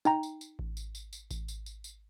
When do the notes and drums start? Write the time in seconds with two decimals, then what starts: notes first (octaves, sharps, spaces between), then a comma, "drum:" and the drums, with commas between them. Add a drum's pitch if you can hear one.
0.05 D#4 G5 A#5, drum: tambourine
0.23 drum: tambourine
0.41 drum: tambourine
0.59 drum: kick A1
0.77 drum: tambourine
0.95 drum: tambourine
1.13 drum: tambourine
1.31 drum: kick A1, tambourine
1.48 drum: tambourine
1.66 drum: tambourine
1.84 drum: tambourine